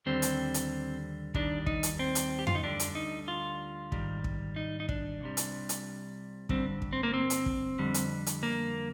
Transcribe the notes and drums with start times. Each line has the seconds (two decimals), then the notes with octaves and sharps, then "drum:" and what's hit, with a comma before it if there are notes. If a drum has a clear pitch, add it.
0.06 D#2 D3 G3 C4
0.22 drum: hi-hat
0.54 drum: hi-hat
1.34 D#2 D#3 G3 D4, drum: kick
1.66 D#4, drum: kick
1.83 drum: hi-hat
1.99 C4
2.15 drum: hi-hat
2.39 G4
2.47 F4, drum: tom F2
2.55 D#4
2.63 D2 D3 G3 D4
2.80 drum: hi-hat
2.95 D#4
3.28 F4
3.92 G#2 D#3 G3, drum: kick
4.24 drum: kick
4.56 D#4
4.80 D#4
4.89 D4, drum: kick
5.21 C2 C3 G3
5.37 drum: hi-hat
5.69 drum: hi-hat
6.49 G2 D3 G3 C4, drum: kick
6.82 drum: kick
6.93 C4
7.03 A#3
7.14 C4
7.30 drum: hi-hat
7.46 drum: kick
7.79 F2 D3 G3
7.94 drum: hi-hat
8.26 drum: hi-hat
8.43 A#3